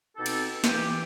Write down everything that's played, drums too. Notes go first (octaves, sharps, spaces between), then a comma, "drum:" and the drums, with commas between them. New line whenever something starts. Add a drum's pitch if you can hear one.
B2 C4 D#4 G4 A4
drum: cymbal
E3 G4, drum: snare